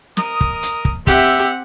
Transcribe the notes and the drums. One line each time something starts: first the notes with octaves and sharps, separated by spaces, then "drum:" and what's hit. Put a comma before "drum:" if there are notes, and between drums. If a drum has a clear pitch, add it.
A#4 D#5 D#6, drum: snare
drum: kick
drum: hi-hat
drum: kick
C4 G4 E5 F#5, drum: kick, hi-hat